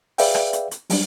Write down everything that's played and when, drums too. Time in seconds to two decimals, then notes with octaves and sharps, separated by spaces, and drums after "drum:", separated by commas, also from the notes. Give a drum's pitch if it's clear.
0.18 G#4 B4 D5 E5 F5 G5, drum: open hi-hat
0.35 drum: rim click
0.53 drum: hi-hat
0.71 drum: hi-hat
0.90 F#3 G3 D4, drum: open hi-hat